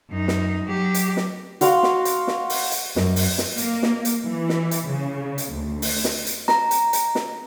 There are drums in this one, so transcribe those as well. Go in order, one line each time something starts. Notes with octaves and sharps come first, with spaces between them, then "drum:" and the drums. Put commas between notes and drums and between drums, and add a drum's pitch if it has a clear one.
F#2 D#4
drum: snare
F#3 G4
drum: hi-hat
drum: snare
F#4 F5 C6, drum: hi-hat
drum: snare
drum: hi-hat
drum: snare
drum: open hi-hat
drum: hi-hat
F#2, drum: snare
drum: open hi-hat
drum: snare
A#3, drum: hi-hat
drum: snare
drum: hi-hat
E3
drum: snare
drum: hi-hat
C#3
drum: hi-hat
D2
drum: open hi-hat
drum: snare
drum: hi-hat
A#5, drum: snare
drum: hi-hat
drum: hi-hat
drum: snare